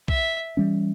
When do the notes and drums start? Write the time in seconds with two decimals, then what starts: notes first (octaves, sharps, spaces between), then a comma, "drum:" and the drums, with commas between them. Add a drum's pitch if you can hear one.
0.08 E5, drum: kick B1
0.57 E3 G3 C#4